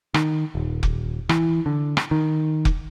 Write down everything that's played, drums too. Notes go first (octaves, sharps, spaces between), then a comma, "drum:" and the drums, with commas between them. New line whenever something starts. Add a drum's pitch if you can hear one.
D#3, drum: rim click
D#1
drum: kick F1
E3, drum: rim click
D3
drum: rim click
D#3
drum: kick F1